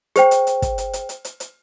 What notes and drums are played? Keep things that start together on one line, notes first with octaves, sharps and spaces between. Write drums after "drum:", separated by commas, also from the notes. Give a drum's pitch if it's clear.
G#4 C5 G5, drum: hi-hat
drum: hi-hat
drum: hi-hat
drum: kick, hi-hat
drum: hi-hat
drum: hi-hat
drum: hi-hat
drum: hi-hat
drum: hi-hat